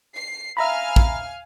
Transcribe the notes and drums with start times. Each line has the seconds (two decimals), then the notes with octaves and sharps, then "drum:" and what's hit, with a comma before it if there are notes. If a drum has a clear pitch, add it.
0.16 C7
0.57 E5 F5 G#5 A#5 B5 F6
0.96 drum: kick